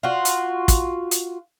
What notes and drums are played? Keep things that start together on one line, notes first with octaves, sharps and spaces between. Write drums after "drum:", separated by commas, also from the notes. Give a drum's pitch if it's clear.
F4 F#4
drum: hi-hat
drum: kick, hi-hat
drum: hi-hat